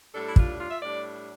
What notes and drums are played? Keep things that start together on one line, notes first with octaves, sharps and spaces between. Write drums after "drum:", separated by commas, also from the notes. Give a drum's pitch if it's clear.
A2 G3 D4 A4
E4
F4, drum: kick
F4
E5
A2 G3 D4 D5